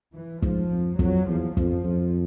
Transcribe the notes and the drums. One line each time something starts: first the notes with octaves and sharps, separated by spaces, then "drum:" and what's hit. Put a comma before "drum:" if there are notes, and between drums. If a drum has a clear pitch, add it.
E3
G#2 F3, drum: kick
F2
F2 F#3, drum: kick
E2 F3
F2 F3, drum: kick
F2